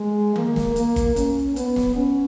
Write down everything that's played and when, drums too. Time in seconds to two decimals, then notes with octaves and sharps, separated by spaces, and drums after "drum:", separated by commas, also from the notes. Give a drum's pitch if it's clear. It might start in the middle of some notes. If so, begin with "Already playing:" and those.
Already playing: G#3
0.36 A#3, drum: tom D#3
0.56 drum: snare
0.76 A#3, drum: hi-hat
0.96 drum: kick G1, hi-hat
1.16 C#4, drum: hi-hat
1.56 B3, drum: hi-hat
1.76 drum: snare
1.96 C#4